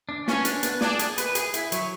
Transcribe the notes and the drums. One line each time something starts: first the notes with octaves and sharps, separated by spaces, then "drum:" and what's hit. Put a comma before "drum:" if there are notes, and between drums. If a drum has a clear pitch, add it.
D4
B3 C#4, drum: snare
D4, drum: hi-hat
B3, drum: hi-hat
D4 G#4, drum: snare
G#4, drum: hi-hat
B4, drum: hi-hat
G#4, drum: hi-hat
E4, drum: hi-hat
F#3, drum: hi-hat